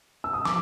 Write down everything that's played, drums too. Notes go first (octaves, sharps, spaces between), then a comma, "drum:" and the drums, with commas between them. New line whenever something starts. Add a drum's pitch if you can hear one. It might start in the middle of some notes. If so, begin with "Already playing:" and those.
E6
D#6
D6, drum: snare